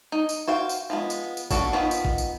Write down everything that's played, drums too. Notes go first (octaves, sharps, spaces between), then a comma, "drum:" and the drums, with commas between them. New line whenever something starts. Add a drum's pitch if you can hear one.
D#4
drum: tambourine
F#4 C5 F5 G5
drum: tambourine
F3 G#3 B3
drum: tambourine
drum: tambourine
A#3 B3 D4 F#4 A4, drum: kick, tambourine
D#3 F3 B3 C4
drum: tambourine
drum: kick
drum: tambourine